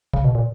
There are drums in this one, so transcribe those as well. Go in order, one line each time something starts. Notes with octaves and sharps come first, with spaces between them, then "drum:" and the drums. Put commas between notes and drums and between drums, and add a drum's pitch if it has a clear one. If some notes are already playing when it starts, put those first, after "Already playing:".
C#3, drum: kick
B2
A#2